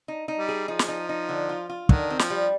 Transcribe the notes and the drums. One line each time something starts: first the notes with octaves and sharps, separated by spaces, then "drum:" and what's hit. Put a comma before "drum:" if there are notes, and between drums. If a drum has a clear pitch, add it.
D#4
D#4
G3
G#4
F3 D#4
drum: snare
D#4
D#4
D3
F4
F4
D3 D#3, drum: kick
C4
F3, drum: snare
G3